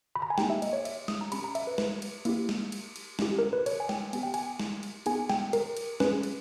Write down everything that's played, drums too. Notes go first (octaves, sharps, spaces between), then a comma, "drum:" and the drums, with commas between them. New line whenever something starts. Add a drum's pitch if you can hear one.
B5
A#5
G#5
A#3 D#4 G4 G5, drum: snare
E5
D#5, drum: cymbal
C#5
E5, drum: cymbal
D#6, drum: snare
A#5
C#4 G4 B5, drum: cymbal
A#5
E5, drum: cymbal
B4
B4, drum: snare
drum: cymbal
A#3 E4 G4, drum: cymbal
drum: snare
drum: cymbal
drum: cymbal
C#4 E4 G4, drum: snare
A#4
B4
C#5, drum: cymbal
G#5
G5, drum: snare
B3 G4 G#5, drum: cymbal
G5
G#5, drum: cymbal
drum: snare
drum: cymbal
B3 D#4 G#4 G#5, drum: cymbal
G5, drum: snare
A#4, drum: cymbal
drum: cymbal
C#4 G#4 B4, drum: snare
drum: cymbal